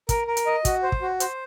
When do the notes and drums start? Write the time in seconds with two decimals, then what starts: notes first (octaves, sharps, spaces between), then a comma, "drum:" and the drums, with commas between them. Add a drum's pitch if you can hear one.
0.09 A#4, drum: kick, hi-hat
0.27 A#4
0.37 drum: hi-hat
0.46 D#5
0.65 F#4, drum: kick, hi-hat
0.83 C5
0.92 drum: kick
1.02 F#4
1.20 C5, drum: hi-hat